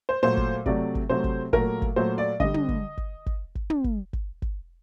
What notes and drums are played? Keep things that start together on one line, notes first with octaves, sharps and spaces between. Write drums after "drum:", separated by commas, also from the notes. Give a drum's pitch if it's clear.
C5
A#2 F#3 A3 C5
drum: kick
C3 F#3 A3 D5, drum: kick
drum: kick
C3 F#3 A3 C5
drum: kick
A#2 F#3 A3 A#4, drum: kick
drum: kick
A#2 F#3 A3 C5
D5
D3 G3 D#5, drum: kick
drum: tom
drum: kick
drum: kick
drum: kick
drum: kick
drum: tom
drum: kick
drum: kick
drum: kick